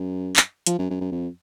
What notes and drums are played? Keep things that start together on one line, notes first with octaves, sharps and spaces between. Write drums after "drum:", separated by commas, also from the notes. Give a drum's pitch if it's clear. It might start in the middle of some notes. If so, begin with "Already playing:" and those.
Already playing: F#2
drum: clap
F3, drum: hi-hat
F#2
F#2
F#2
F2